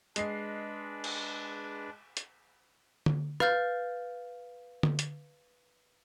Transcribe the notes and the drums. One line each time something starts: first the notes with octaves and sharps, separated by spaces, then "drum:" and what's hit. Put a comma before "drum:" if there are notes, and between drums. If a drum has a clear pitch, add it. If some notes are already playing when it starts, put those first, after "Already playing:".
G#3 D4 B4 D#5 C7, drum: hi-hat
drum: cymbal
drum: hi-hat
drum: tom D3
B4 F5 F6 G6 A6, drum: rim click
drum: tom D3
drum: hi-hat